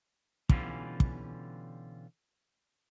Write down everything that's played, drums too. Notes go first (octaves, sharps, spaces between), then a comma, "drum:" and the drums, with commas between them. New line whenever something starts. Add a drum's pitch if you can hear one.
B2 D3 E3 G3 C#4 F4, drum: kick
drum: kick